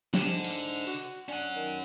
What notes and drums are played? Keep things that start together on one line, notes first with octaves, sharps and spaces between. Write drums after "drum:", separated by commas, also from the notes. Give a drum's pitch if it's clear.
D3 G4, drum: snare
G#2
drum: cymbal
F#4, drum: hi-hat
C#4 D4 F#5
D#3